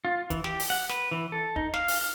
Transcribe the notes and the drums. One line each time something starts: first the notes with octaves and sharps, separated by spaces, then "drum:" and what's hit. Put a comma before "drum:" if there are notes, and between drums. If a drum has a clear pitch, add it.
F4
E3, drum: kick, hi-hat
G4, drum: snare
drum: open hi-hat
F#5
B4, drum: snare
E3
A4
D#4, drum: kick
F5, drum: snare
drum: open hi-hat
F6